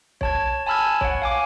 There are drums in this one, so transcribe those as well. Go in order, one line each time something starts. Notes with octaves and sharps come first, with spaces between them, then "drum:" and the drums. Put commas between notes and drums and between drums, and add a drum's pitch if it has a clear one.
C#5 A5 G#6, drum: kick
G#5 A5 B5 E6 F6 G#6
C#5 F#5, drum: kick
F5 G#5 D6